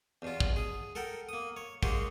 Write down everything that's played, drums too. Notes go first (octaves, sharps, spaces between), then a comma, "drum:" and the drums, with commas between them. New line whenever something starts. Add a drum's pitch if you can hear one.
E2 B2 F4
drum: kick
G#4
A4 A#4 F#5 G5
A#3 D#6
C#5
G#3 A#3 F#4 G#4 C5 C#5, drum: kick